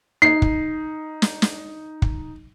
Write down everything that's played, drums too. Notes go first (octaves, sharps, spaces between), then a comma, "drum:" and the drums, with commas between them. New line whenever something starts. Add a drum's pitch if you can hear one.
D#4 C7
drum: kick
drum: snare
drum: snare
drum: kick